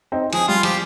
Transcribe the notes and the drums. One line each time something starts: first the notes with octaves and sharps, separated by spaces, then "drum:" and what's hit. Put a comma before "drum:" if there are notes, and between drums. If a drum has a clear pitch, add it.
C4 D#4
F3 G#4, drum: cymbal
G3 F4
F3 G4, drum: cymbal